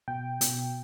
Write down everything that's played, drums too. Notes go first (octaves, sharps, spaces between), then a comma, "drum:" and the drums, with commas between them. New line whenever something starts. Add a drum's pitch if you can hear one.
B2 G5
B2, drum: hi-hat